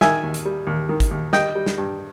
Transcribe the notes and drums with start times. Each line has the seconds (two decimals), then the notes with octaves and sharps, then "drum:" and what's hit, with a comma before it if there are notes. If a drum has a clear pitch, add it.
0.01 D#3 E5 G#5, drum: snare
0.23 D#2
0.34 drum: hi-hat
0.45 G3
0.67 D#2
0.89 D#3
1.00 drum: kick, hi-hat
1.11 D#2
1.33 G3 D#5 G5, drum: snare
1.55 G3
1.66 drum: snare
1.78 G2